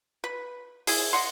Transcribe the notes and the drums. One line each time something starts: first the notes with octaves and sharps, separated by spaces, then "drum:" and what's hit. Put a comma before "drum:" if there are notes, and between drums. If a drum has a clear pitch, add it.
B4
E4 G#4, drum: open hi-hat
D#5 F#5 C6